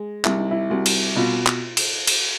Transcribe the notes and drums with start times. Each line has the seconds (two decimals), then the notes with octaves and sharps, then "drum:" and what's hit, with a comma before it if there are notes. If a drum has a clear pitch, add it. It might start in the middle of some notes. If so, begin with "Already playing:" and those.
Already playing: G#3
0.25 C2 E4, drum: clap
0.37 D#4
0.51 E4
0.70 C2 F#4
0.86 drum: cymbal
1.16 B2 F4
1.47 drum: clap
1.77 drum: cymbal
2.07 drum: cymbal